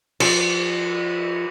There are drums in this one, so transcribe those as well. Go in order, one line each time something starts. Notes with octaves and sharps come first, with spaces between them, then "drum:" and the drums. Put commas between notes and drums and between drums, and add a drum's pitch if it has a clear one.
F3, drum: cymbal